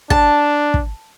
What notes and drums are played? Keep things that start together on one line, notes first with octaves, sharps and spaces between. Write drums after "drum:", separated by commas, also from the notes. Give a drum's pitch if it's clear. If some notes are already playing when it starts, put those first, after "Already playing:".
D4 A5, drum: kick
drum: kick